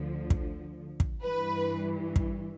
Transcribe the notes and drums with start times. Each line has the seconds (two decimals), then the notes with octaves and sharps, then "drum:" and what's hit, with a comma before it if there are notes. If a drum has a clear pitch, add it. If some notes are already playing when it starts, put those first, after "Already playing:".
Already playing: D2 D3 F3
0.30 drum: kick
1.00 drum: kick
1.23 G2 E3 B4
2.16 drum: kick